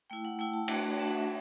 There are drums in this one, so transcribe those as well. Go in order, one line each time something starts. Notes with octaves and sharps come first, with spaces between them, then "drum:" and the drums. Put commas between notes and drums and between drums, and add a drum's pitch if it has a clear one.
A3 E4 G5
F#5
A3 E4 G5
A5
A3 D4 F#4, drum: cymbal
A3 D4 F#4 E5
F#5
E5